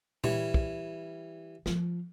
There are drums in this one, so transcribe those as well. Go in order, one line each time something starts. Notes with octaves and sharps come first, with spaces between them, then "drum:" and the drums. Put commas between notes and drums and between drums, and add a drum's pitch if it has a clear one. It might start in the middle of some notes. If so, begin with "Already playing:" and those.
E3 G3 C#5, drum: tom A#2
drum: kick
F3 F4, drum: snare